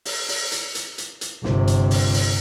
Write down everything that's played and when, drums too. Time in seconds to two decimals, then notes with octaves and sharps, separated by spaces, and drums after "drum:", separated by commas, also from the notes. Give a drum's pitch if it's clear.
0.05 drum: open hi-hat
0.29 drum: open hi-hat
0.52 drum: hi-hat
0.75 drum: hi-hat
0.98 drum: hi-hat
1.21 drum: hi-hat
1.44 G1 C3, drum: snare
1.67 drum: hi-hat
1.91 drum: open hi-hat
2.14 drum: open hi-hat